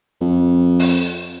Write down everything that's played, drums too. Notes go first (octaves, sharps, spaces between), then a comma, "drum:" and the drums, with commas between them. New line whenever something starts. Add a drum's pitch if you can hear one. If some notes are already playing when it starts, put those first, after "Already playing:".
F2
drum: open hi-hat